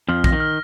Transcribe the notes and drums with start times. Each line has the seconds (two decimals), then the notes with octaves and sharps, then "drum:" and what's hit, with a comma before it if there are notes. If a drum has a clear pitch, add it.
0.09 F2 F3 F6
0.24 A#6, drum: kick A#1
0.33 D#3
0.40 F6